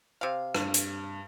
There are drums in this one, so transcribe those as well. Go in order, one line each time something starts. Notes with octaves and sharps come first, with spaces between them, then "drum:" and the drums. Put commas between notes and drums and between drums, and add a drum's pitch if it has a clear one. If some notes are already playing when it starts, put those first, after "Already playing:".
C3 F5
G2, drum: rim click
drum: hi-hat